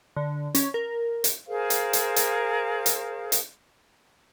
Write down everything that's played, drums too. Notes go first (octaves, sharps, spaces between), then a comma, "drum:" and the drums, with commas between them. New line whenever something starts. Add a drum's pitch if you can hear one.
D3
C#4, drum: hi-hat
A#4
drum: hi-hat
G#4 A#4 C5 F5
drum: hi-hat
drum: hi-hat
drum: hi-hat
drum: hi-hat
drum: hi-hat